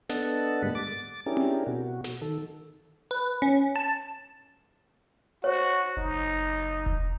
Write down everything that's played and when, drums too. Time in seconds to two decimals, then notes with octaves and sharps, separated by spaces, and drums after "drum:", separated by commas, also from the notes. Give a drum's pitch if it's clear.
0.09 B3 D4 A4 D#5 F#5 A5, drum: snare
0.62 G#2 D3 G3 G#3 A#3 B5
0.75 D6 A6
1.26 C#4 D4 E4 G4 G#4 A#4
1.37 drum: tom C4
1.67 B2 F#4
2.04 drum: snare
2.22 D#3 A4
3.11 B4
3.42 C#4
3.76 A5
5.44 F#4 C5 C#5
5.53 drum: hi-hat
5.97 F#1 D#4
6.86 drum: kick E1